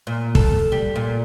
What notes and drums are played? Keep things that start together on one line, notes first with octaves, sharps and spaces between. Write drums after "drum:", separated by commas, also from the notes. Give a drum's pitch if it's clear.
A#2
A4, drum: kick
G3
A#2